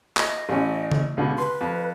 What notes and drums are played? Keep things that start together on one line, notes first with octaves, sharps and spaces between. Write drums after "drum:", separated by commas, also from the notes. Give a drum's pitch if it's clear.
D#5, drum: clap
A1 C#4
drum: tom C#3
C#2 B2 D3
B4 C6
F2